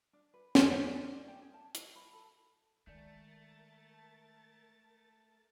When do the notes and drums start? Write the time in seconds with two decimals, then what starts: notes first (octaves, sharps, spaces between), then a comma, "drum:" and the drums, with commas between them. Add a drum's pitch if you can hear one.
0.13 D4
0.34 B4
0.55 drum: snare
0.66 F#5
0.91 A#4
1.14 D5
1.28 G5
1.42 G#4
1.54 A5
1.75 D#5, drum: hi-hat
1.96 B5
2.13 A4
2.87 D#3 G#3 A3 A#4 D5 A5 G6 A6